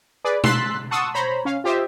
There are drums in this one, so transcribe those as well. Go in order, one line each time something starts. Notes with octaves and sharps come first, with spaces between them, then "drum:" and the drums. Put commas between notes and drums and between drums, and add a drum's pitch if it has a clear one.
G#4 B4 D5
C6 E6 F#6 A6 B6 C7, drum: tom B2
F#5 A5 C6 C#6 D#6 E6
C5 C#5 A#5 B5
C#4 F5
F4 G4 C5 D#5 E5